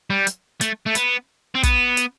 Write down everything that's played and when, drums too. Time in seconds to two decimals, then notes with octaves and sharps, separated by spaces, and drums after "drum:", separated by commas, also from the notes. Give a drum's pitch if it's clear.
0.10 G3
0.27 drum: hi-hat
0.61 A3, drum: hi-hat
0.86 A3
0.95 B3, drum: hi-hat
1.55 C4
1.63 B3, drum: kick, hi-hat
1.97 drum: hi-hat